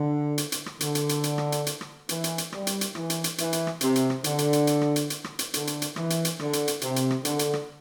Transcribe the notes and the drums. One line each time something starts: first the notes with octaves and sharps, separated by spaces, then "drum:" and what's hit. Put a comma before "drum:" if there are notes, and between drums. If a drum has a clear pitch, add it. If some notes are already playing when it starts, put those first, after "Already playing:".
Already playing: D3
drum: hi-hat
drum: hi-hat
drum: rim click
D3, drum: hi-hat
drum: hi-hat
drum: hi-hat
drum: hi-hat
drum: rim click
drum: hi-hat
drum: hi-hat
drum: rim click
E3, drum: hi-hat
drum: hi-hat
drum: hi-hat
G3, drum: rim click
drum: hi-hat
drum: hi-hat
E3, drum: rim click
drum: hi-hat
drum: hi-hat
E3, drum: hi-hat
drum: hi-hat
drum: rim click
C3, drum: hi-hat
drum: hi-hat
drum: rim click
D3, drum: hi-hat
drum: hi-hat
drum: hi-hat
drum: hi-hat
drum: rim click
drum: hi-hat
drum: hi-hat
drum: rim click
drum: hi-hat
D3, drum: hi-hat
drum: hi-hat
drum: hi-hat
E3, drum: rim click
drum: hi-hat
drum: hi-hat
D3, drum: rim click
drum: hi-hat
drum: hi-hat
C3, drum: hi-hat
drum: hi-hat
drum: rim click
D3, drum: hi-hat
drum: hi-hat
drum: rim click